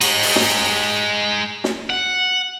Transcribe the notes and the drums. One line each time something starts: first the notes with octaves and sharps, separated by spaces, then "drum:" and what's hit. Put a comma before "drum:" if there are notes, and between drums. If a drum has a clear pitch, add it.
G#3 D#4, drum: cymbal
drum: open hi-hat
drum: snare
drum: snare
F#5